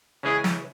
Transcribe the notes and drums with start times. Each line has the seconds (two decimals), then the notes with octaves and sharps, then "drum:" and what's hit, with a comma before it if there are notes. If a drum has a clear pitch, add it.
0.23 C#3 E3 G#3 C#4 E4 G#4
0.44 drum: snare